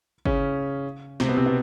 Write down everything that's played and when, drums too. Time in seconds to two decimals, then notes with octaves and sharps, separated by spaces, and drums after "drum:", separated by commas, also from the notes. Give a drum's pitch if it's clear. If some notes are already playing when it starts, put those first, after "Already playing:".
0.25 C#3 C#4, drum: kick G1
1.20 C3 C4, drum: snare
1.28 B2 B3
1.37 C3 C4
1.46 B2 B3